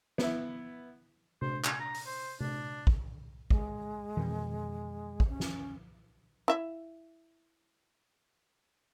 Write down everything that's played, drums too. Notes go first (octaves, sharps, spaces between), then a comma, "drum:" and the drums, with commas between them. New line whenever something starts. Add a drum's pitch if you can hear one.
B3 E4, drum: snare
C5, drum: tom C3
G#5, drum: clap
A#5
drum: open hi-hat
C5
D4, drum: tom C3
drum: kick
G#3, drum: kick
F2 B2 D#3, drum: tom E3
drum: kick
C#4
drum: snare
E4 E5